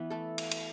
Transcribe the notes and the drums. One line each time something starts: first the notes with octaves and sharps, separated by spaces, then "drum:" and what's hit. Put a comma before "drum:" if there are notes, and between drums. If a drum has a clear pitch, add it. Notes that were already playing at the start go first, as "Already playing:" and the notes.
Already playing: E3 B3 B4
A3 A4
drum: cymbal
drum: cymbal